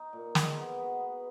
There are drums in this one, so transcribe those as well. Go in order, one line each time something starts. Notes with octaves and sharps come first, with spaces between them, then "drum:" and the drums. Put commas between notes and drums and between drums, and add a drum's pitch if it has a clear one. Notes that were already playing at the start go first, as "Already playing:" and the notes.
Already playing: D#4
A#2
G#3 D#4, drum: snare
B3
F#4 B4 D#5
B3